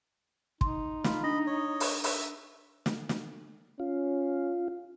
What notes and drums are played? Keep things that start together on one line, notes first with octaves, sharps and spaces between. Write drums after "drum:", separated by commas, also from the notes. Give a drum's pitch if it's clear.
D#4 C6, drum: kick
F4 B5, drum: snare
D4 D#5 B5 A#6
C#5 D#5
drum: open hi-hat
E5, drum: open hi-hat
drum: snare
drum: snare
C#4 F4